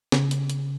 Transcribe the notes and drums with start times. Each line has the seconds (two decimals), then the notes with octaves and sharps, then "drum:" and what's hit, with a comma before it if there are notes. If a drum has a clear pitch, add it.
0.12 C#3, drum: snare
0.31 drum: hi-hat
0.50 drum: hi-hat